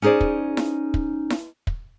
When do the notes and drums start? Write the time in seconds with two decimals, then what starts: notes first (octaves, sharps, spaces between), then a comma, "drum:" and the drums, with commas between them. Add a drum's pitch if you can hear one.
0.02 C#4 D#4 G#4 C5 D5
0.21 drum: kick
0.57 drum: snare E4
0.94 drum: kick
1.30 drum: snare E4
1.67 drum: kick